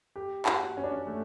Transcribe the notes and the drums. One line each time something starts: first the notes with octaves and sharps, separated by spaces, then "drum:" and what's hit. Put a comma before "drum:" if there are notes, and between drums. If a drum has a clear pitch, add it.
G4
F#4, drum: clap
C#4
D4
C#4
A3